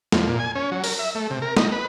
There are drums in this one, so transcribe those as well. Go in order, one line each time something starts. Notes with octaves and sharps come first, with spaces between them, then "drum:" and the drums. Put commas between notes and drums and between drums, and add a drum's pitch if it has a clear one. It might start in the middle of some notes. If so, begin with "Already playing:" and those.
F2, drum: snare
A#2
G#5
C#4
F#3
A#4, drum: open hi-hat
E5
A3
C3
A#4
D#4, drum: snare
B4